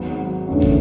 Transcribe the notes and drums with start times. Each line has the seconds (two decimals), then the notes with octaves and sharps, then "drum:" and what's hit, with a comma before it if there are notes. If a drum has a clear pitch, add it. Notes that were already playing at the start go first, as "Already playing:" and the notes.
Already playing: G#1 G#2 F#3 B3
0.48 F#1 E2 D3 A3 C#4
0.62 drum: kick, open hi-hat